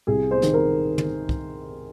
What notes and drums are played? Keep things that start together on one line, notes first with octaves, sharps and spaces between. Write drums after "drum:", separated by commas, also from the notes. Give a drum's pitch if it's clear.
C2 G#4
C5
D#3, drum: snare
A#4
drum: tom
drum: kick